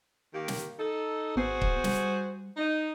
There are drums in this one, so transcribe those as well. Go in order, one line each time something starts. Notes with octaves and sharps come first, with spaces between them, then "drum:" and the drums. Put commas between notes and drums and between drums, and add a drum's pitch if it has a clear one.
D#3 A#3 G4
drum: snare
D#4 A4
G#1 B3 F#4 G#4 C5 C7
drum: kick C#1
G3, drum: snare
D#4